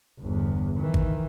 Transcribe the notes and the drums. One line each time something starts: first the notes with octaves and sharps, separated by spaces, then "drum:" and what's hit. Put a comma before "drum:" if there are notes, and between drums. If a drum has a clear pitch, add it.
G1 E2
D#3 E3
drum: kick G#1